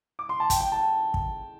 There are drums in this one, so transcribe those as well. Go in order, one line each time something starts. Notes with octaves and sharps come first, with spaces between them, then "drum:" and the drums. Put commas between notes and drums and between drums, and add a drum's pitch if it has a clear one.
D6
C6
A5
G5, drum: kick, hi-hat
G5
A5
drum: kick